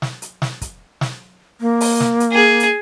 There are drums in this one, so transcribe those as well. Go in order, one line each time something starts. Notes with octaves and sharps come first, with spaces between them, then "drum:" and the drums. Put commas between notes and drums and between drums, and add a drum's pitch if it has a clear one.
drum: snare
drum: hi-hat
drum: snare
drum: kick, hi-hat
drum: snare
A#3
drum: open hi-hat
drum: snare
drum: hi-hat
G#4
drum: hi-hat